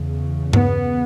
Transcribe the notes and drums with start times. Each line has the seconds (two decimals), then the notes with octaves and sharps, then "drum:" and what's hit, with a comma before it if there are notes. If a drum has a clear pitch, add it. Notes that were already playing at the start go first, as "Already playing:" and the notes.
Already playing: E2 C#3
0.53 B3, drum: tom G2